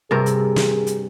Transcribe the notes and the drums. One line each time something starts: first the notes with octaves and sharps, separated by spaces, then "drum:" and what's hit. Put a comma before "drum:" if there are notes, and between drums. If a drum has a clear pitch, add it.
G2 C3 G#4 A#4
drum: hi-hat
drum: snare
drum: hi-hat